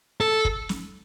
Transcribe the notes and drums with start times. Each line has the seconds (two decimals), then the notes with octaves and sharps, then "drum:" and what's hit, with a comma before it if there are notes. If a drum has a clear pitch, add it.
0.21 A4
0.45 drum: kick
0.69 drum: snare